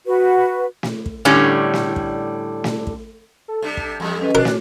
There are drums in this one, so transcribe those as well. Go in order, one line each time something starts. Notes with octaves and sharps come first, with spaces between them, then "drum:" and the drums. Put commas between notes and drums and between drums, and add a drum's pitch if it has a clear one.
F#4 B4
drum: snare
drum: kick
A2 D3 G3 C#4
drum: snare
drum: kick
drum: snare
drum: kick
A4
C3 G3 D4
drum: kick
E2 G3
C#4 B4 D#5
C#4 D4 F#4 A#4 F#6
drum: snare